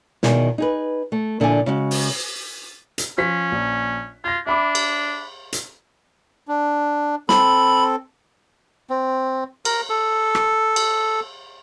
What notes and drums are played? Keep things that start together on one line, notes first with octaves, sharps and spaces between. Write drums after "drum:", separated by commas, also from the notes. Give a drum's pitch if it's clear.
E2 B2 D#3 G#4, drum: snare
D#4 G#4 B4
A3
A#2 D3 F3 E4 G#5
C#3 G#3 F#4
drum: open hi-hat
drum: hi-hat
F3 C#4 C5 B6
A#1
F4 G#6 A#6
D4 E5 B5 D6
drum: cymbal
drum: hi-hat
D4
C4 A4 B5, drum: snare
C4
A#4, drum: cymbal
A4
drum: rim click
drum: cymbal